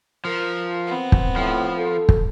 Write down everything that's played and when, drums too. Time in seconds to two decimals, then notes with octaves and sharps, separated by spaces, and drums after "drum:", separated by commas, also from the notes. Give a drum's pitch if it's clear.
0.25 F3 A#4
0.87 B3 C4
1.12 drum: kick
1.36 A2 F3
1.78 A4
2.09 drum: kick